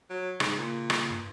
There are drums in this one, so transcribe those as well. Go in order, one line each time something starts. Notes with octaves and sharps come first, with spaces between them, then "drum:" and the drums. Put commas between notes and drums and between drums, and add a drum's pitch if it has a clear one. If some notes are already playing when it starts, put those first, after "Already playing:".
F#3
G#2 C#3, drum: rim click
A#2
drum: rim click
G2